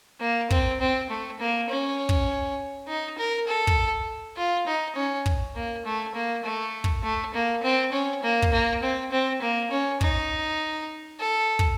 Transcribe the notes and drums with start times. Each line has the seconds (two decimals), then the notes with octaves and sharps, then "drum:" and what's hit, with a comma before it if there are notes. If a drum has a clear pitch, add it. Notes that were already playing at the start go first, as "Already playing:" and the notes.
0.20 A#3
0.50 C4, drum: kick
0.80 C4
1.09 A3
1.40 A#3
1.69 C#4
2.09 drum: kick
2.88 D#4
3.18 A#4
3.47 A4
3.67 drum: kick
4.37 F4
4.67 D#4
4.96 C#4
5.26 drum: kick
5.55 A#3
5.86 A3
6.15 A#3
6.44 A3
6.84 drum: kick
7.03 A3
7.34 A#3
7.63 C4
7.92 C#4
8.23 A#3
8.42 drum: kick
8.52 A#3
8.83 C4
9.12 C4
9.42 A#3
9.71 C#4
10.01 D#4, drum: kick
11.20 A4
11.59 drum: kick